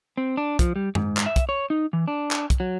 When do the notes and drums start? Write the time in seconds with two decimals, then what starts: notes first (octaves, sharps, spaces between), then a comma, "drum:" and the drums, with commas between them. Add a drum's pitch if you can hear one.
0.17 C4
0.37 D4
0.59 F3, drum: kick, hi-hat
0.76 G3
0.95 G#2, drum: tom F#2
1.17 drum: clap
1.26 E5
1.36 drum: kick, hi-hat
1.49 C#5
1.70 D#4
1.93 E3
2.08 D4
2.31 drum: clap
2.50 drum: kick, hi-hat
2.60 F#3